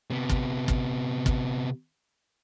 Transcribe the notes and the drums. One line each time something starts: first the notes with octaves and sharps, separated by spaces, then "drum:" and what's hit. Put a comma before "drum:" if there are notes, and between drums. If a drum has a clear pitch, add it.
C3 B3
drum: kick
drum: kick
drum: kick